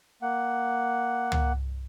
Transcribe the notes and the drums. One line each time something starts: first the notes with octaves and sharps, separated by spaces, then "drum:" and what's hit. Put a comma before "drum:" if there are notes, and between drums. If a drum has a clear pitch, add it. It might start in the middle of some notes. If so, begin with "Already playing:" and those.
A#3 F#5
drum: tom